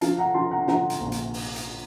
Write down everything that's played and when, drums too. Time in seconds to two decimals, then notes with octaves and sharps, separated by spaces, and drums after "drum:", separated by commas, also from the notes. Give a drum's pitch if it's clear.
0.01 F3 F5 A5, drum: hi-hat
0.18 F#5 A#5
0.34 F3 A5 C6
0.51 F#5 A#5
0.68 F3 F#5 A#5, drum: snare
0.90 drum: hi-hat
1.01 A#1
1.12 drum: hi-hat
1.34 drum: open hi-hat
1.56 drum: hi-hat